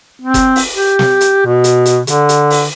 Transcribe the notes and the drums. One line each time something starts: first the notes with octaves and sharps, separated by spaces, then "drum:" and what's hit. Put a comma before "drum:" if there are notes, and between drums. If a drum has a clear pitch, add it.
C4
drum: kick F#1, hi-hat
drum: open hi-hat
G4
drum: snare
drum: hi-hat
B2
drum: hi-hat
drum: hi-hat
D3, drum: hi-hat
drum: hi-hat
drum: open hi-hat